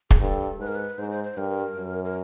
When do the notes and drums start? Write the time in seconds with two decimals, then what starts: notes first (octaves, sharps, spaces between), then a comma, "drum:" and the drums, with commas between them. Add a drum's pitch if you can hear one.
0.11 G#4, drum: kick
0.21 G2 A4
0.59 G#2 B4
0.68 A#4
0.75 B4
0.99 G#2 C5
1.11 C5
1.24 C5
1.37 G2 A#4
1.76 F#2
2.04 A#4